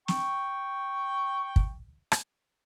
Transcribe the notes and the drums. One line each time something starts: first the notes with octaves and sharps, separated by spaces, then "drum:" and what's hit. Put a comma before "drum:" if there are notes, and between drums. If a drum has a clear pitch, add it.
G5 C#6, drum: snare
drum: kick
drum: rim click